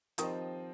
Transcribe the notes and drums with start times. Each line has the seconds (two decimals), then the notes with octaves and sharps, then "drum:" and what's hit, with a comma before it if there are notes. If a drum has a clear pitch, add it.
0.18 D#3 F3 C4 G4 C5 D#5, drum: hi-hat